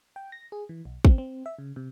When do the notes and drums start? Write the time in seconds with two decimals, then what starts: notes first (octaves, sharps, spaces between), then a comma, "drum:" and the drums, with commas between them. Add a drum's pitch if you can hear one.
0.16 G5
0.32 A#6
0.52 G#4
0.69 E3
0.85 B1
1.05 C4, drum: kick
1.18 C4
1.46 E5
1.59 C#3
1.76 C3